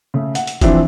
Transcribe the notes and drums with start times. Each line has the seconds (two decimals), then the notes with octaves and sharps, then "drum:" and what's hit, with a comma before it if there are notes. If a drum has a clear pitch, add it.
0.14 C#3 A3
0.35 F#5, drum: hi-hat
0.47 drum: hi-hat
0.61 E3 F3 C4 D4 E4, drum: kick, hi-hat